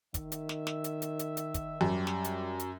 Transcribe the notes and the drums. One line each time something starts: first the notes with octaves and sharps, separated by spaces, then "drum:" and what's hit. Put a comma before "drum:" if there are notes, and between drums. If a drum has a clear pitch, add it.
D#3 E5, drum: kick, hi-hat
drum: hi-hat
drum: snare
drum: snare
drum: hi-hat
drum: hi-hat
drum: hi-hat
drum: hi-hat
drum: kick, hi-hat
F#2 G3
drum: snare
drum: hi-hat
drum: hi-hat